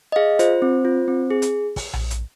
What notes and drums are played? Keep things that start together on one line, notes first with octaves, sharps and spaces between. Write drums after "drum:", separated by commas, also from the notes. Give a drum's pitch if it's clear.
D#5
G#4 F5
F4 C5, drum: hi-hat
C4
F4
C4
G#4
drum: hi-hat
drum: kick, open hi-hat
drum: tom A#1
drum: hi-hat